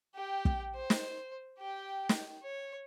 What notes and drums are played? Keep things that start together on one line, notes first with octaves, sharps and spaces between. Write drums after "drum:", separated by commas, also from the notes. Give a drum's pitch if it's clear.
G4 G5
drum: kick
C5
drum: snare
G4 G5
drum: snare
C#5